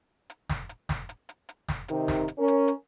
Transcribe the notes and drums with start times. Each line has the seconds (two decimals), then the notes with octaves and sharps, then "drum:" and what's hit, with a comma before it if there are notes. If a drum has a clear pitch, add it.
0.30 drum: hi-hat
0.49 drum: snare
0.69 drum: hi-hat
0.89 drum: snare
1.09 drum: hi-hat
1.29 drum: hi-hat
1.49 drum: hi-hat
1.68 drum: snare
1.88 C3 D#3, drum: hi-hat
2.08 drum: snare
2.28 drum: hi-hat
2.38 C#4 A#4
2.48 drum: hi-hat
2.68 drum: hi-hat